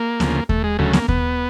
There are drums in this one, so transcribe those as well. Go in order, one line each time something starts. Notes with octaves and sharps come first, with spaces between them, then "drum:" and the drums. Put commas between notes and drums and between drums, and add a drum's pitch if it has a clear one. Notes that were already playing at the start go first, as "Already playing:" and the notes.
Already playing: A#3
D2 C#3 F3, drum: snare B3
A3, drum: kick D#2
G#3
D2 C#3 F#3 A3
A#3, drum: snare B3
B3, drum: kick D#2